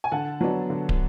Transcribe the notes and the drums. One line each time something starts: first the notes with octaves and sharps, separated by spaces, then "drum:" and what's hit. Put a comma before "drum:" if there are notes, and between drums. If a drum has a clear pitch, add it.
G#5
D3 F#5 A5
F#3 B3 D4
D3
drum: kick